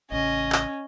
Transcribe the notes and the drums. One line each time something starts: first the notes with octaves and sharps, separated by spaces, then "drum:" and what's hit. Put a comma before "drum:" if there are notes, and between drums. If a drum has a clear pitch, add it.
A1 C#3 C#4 D#5
drum: clap